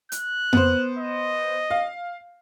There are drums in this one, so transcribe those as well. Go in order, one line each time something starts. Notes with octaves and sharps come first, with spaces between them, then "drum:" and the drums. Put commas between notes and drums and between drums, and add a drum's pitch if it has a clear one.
F#6, drum: hi-hat
B3 C5, drum: tom F2
D#5
F5